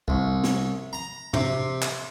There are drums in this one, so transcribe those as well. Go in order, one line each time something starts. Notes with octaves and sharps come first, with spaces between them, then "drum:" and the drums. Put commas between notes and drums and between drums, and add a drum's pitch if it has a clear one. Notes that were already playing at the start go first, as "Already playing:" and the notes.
C2, drum: kick C2
drum: snare
A#5
C3, drum: tom
drum: clap